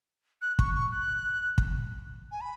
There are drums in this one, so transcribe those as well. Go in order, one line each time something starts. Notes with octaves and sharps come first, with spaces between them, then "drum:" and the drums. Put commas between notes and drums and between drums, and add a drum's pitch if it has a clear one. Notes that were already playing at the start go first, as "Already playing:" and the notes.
F#6
C#6, drum: kick
C#6
F#6
drum: kick
G#5
B5